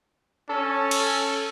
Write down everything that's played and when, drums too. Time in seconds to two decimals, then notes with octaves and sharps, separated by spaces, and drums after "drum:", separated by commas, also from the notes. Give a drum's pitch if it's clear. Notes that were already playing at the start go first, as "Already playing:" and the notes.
0.49 C#4 A4
0.91 drum: cymbal